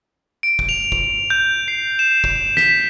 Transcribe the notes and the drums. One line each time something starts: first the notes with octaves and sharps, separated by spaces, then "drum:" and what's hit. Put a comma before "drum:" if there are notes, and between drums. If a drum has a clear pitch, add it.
D7
drum: kick
F7
drum: kick
G6
C7
E7
drum: kick
B6, drum: snare